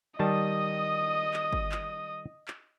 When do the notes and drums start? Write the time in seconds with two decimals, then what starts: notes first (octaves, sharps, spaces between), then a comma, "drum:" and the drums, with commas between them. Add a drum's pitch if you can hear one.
0.19 D#3 G3 D#5 A5 D#6
1.34 drum: clap
1.53 drum: kick G1
1.72 drum: clap
2.48 drum: clap